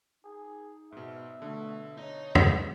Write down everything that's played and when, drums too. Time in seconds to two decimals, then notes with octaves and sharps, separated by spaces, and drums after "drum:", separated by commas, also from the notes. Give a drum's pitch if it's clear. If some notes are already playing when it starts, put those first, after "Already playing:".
0.24 D#4 G#4
0.92 G#2 B2 E5
1.40 B2 D3 A3
1.98 D#4 C#5
2.35 drum: tom